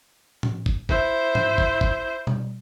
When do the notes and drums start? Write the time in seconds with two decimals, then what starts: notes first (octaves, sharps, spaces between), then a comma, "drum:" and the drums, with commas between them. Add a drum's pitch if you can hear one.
0.43 drum: tom A2
0.66 drum: kick
0.89 E4 C5, drum: kick
1.35 drum: tom G#2
1.58 drum: kick
1.81 drum: kick
2.27 drum: tom B2